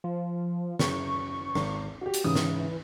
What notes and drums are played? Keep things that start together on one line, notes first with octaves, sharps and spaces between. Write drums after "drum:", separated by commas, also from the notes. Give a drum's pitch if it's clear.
F3
F#2 C#3 C#6, drum: snare
G#1, drum: rim click
F#4 G4
drum: hi-hat
G#2 C#3 E3 D#6
drum: snare